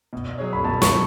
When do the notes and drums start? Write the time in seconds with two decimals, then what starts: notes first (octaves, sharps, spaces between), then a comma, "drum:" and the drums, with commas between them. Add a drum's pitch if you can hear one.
0.13 B2
0.38 F#3 C#4 G#4 C#5
0.53 B5
0.64 B2 A5
0.82 C#6, drum: snare
0.91 F#3